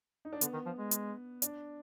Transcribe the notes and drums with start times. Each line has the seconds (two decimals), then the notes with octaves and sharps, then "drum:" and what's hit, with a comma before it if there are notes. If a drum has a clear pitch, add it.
0.25 D#4
0.33 D4
0.41 D3 B3, drum: hi-hat
0.53 D#3
0.66 F3
0.79 G#3
0.91 drum: hi-hat
1.42 D4, drum: hi-hat